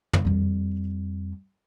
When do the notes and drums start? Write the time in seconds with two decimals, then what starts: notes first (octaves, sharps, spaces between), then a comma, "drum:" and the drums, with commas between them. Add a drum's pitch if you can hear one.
0.13 drum: tom F#2
0.25 F2 G3